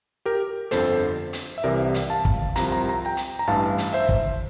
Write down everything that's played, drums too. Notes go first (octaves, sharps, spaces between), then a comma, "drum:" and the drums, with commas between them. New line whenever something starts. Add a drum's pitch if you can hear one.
G4 A#4
G1 F2 D3 A4 C5, drum: hi-hat
drum: hi-hat
E5
C2 C3 E3 A#4 D5
drum: hi-hat
F5 A5
drum: kick
C2 C3 F3 A#5, drum: hi-hat
A#5
A#5
G5 A#5
drum: hi-hat
A#5
A1 G2 E3 F5 A5
drum: hi-hat
C5 E5
drum: kick